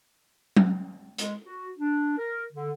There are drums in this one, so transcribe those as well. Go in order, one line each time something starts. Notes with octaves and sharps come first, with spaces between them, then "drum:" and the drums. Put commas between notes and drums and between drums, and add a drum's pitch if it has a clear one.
drum: tom F#3
G#3, drum: hi-hat
F#4
D4
A#4
D3